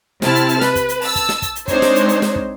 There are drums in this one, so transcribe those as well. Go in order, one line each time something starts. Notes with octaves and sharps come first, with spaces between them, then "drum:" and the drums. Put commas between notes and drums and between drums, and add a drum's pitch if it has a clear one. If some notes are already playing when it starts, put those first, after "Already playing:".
C3 C4 E4 A5 F6, drum: snare
drum: hi-hat
drum: hi-hat
B4, drum: snare
drum: kick, hi-hat
drum: hi-hat
A5 E6, drum: open hi-hat
drum: kick, hi-hat
drum: snare
drum: kick, hi-hat
drum: hi-hat
G#3 C4 D4 D#4 C5 C#5, drum: kick, hi-hat
drum: snare
drum: hi-hat
drum: hi-hat
drum: snare
drum: kick